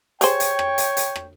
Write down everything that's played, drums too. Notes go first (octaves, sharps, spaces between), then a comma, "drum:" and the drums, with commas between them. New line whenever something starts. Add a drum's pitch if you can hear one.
G4 G#4 C5 C#5 G5, drum: hi-hat
drum: hi-hat
drum: rim click
drum: hi-hat
drum: hi-hat
drum: rim click